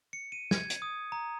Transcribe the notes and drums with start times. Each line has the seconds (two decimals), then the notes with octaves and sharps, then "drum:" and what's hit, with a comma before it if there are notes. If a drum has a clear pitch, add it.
0.13 C#7
0.32 D#7
0.51 G#6, drum: snare
0.70 drum: hi-hat
0.82 D#6
1.12 A#5